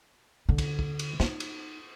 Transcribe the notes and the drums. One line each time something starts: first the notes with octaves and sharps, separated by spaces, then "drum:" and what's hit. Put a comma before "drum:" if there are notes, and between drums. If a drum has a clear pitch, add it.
D3
drum: kick, cymbal
drum: kick
drum: cymbal
D#4, drum: snare
drum: cymbal